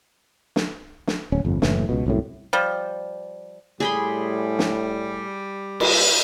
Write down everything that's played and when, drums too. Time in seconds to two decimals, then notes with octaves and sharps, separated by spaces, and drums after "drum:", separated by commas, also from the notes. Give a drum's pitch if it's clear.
0.56 drum: snare
1.07 drum: snare
1.32 D1 C#4
1.45 G1 F2
1.62 F#1 A2 E3, drum: snare
1.89 C#2 B2
2.06 C2 F#2 A2
2.53 F3 G3
3.80 A2 G3 G#4 B5 C6
4.59 drum: snare
5.80 drum: cymbal